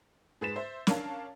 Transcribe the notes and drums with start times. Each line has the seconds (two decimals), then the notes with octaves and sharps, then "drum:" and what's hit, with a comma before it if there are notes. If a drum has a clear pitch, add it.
0.41 G#2 G#4 B4 A6 B6 E7
0.56 C5 E5
0.87 C#4 D4 A#4 C#5 F5 A5, drum: snare